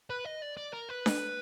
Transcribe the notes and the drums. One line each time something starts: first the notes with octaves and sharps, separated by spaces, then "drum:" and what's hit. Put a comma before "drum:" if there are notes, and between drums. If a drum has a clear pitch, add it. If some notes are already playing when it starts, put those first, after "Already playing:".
B4
D#5
D5
D5
A#4
B4
drum: snare D4